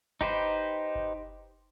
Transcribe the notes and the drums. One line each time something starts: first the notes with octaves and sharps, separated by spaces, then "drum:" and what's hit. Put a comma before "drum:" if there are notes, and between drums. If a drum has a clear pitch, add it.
D#4 G4 B4 C5, drum: kick F#1
drum: kick F#1